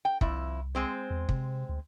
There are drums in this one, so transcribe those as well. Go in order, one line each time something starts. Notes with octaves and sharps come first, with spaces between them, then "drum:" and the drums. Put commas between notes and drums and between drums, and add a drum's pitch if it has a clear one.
G5
C2 F2 E4, drum: kick
G#3 C4 C5
E2
C3, drum: kick
D2